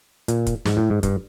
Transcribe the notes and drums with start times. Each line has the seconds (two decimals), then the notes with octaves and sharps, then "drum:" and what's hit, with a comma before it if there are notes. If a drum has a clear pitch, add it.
0.28 A#2, drum: hi-hat
0.47 drum: kick, hi-hat
0.65 G#2, drum: snare
0.77 A2
0.90 G#2
1.03 G2, drum: kick, hi-hat